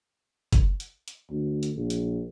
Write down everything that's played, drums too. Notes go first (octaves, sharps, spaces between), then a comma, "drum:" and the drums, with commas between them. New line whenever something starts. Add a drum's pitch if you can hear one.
drum: kick, hi-hat
drum: hi-hat
drum: hi-hat
D2
drum: hi-hat
A#1
drum: hi-hat